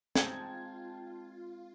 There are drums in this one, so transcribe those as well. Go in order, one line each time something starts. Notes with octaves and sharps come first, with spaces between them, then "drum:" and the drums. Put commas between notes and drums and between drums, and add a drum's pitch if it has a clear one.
G#3 C4 D#4 F4 G5 A5 G#6, drum: snare